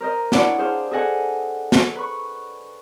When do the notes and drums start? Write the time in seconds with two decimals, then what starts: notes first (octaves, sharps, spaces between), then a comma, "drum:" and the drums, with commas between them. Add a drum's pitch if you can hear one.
0.01 A#4 C5 D#5
0.32 D4 E4 C#5 D5 F#5 A5, drum: snare
0.58 G#4 C5 F5
0.91 G#4 A4 D#5 F#5 G#5
1.72 drum: snare
1.95 B4 B5 C#6